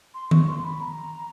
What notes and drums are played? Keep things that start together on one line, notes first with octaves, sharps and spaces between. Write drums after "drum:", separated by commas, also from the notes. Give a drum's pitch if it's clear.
C6
C#6, drum: tom D#3
C6
B5
A#5